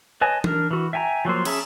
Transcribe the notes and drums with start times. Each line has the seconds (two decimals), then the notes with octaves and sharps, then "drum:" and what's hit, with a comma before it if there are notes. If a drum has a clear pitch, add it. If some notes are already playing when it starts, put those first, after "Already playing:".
0.21 B4 C#5 D#5 G#5 A5
0.44 D4 A#4, drum: tom E3
0.71 E3 F#4
0.93 E5 G5 G#5 A#5
1.25 F3 F#3 A#3 C5
1.45 C#4 G#4 E5 A5, drum: cymbal